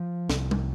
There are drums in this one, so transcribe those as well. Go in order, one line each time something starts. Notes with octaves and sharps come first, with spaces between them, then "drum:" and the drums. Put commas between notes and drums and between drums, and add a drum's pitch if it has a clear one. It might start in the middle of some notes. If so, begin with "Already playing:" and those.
Already playing: F3
C2 C3, drum: snare
drum: tom G3